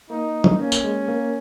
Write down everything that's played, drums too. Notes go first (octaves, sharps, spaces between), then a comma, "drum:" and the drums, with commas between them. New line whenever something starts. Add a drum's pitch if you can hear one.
A#3 D#4
drum: tom
A#3 C#4
drum: tambourine
G#3
A#3